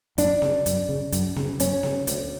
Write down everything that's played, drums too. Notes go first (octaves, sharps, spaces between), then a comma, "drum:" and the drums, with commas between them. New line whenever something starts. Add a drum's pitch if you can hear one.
F#2 D4, drum: hi-hat
C#3, drum: snare B3
F#2, drum: hi-hat
C#3
F#2, drum: hi-hat
C#3, drum: snare B3
F#2 C#4, drum: hi-hat
C#3, drum: snare B3
D2, drum: hi-hat